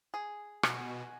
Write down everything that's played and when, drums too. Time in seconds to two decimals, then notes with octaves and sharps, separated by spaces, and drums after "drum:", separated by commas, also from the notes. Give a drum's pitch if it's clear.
0.14 G#4
0.63 B2 F#4 G#5, drum: rim click